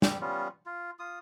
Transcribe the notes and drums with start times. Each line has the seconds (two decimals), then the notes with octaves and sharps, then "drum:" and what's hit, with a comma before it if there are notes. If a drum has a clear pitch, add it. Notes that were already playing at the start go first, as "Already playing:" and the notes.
0.02 G3 C4 G4, drum: snare
0.21 G3 B3 C#4 F4
0.66 F4
0.99 F4 D#6